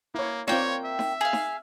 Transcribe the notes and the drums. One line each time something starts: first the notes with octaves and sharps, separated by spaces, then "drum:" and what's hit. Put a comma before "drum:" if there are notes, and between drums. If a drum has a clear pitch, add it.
A#3 E4 C#5
A#3 C4 F4 C#5 D5 G5, drum: snare D#4
E5
drum: snare D#4
G#4 F5
drum: snare D#4